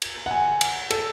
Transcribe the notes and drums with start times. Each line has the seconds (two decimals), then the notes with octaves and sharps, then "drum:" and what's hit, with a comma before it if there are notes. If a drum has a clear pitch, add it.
0.02 drum: cymbal
0.26 F#5
0.31 G#5
0.61 drum: cymbal
0.90 A4, drum: cymbal